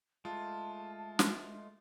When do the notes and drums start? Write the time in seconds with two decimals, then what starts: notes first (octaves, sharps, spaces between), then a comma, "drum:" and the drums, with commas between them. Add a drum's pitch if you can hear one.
0.25 G#3 A3 F4 A5
1.19 drum: snare